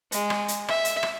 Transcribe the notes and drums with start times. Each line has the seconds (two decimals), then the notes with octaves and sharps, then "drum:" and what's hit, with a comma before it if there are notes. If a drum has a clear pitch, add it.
0.12 G#3, drum: hi-hat
0.30 drum: rim click
0.48 drum: hi-hat
0.68 E5, drum: rim click
0.85 drum: hi-hat
1.03 drum: rim click